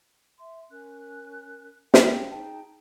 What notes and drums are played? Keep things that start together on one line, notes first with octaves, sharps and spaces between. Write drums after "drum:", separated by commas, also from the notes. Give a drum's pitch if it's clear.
E5 C6
C#4 A#4 F#6
G5, drum: snare
D#4 G#4 G5 A5